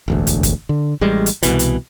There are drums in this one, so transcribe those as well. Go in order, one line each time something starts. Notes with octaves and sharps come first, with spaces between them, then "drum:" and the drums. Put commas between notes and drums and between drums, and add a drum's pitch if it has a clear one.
E1 A1 D2
drum: hi-hat
drum: kick, hi-hat
D3
A1 G3 G#3
drum: hi-hat
C2 B2 E3, drum: hi-hat
drum: hi-hat